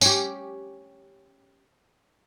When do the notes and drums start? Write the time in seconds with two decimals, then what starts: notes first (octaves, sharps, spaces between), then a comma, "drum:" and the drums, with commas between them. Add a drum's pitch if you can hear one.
0.01 C#4 G4, drum: tambourine